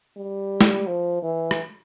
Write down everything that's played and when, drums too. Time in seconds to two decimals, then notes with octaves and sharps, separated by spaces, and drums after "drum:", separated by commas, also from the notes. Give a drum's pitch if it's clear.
0.17 G3
0.61 drum: snare
0.87 F3
1.23 E3
1.51 drum: rim click